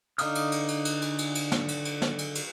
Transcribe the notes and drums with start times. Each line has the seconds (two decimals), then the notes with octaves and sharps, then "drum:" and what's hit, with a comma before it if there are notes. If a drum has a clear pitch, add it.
0.18 D3 D#4 F5 D#6 F6, drum: cymbal
0.35 drum: cymbal
0.52 drum: cymbal
0.68 drum: cymbal
0.85 drum: cymbal
1.02 drum: cymbal
1.18 drum: cymbal
1.35 drum: cymbal
1.52 drum: snare
1.68 drum: cymbal
1.85 drum: cymbal
2.02 drum: snare
2.18 drum: cymbal
2.35 drum: cymbal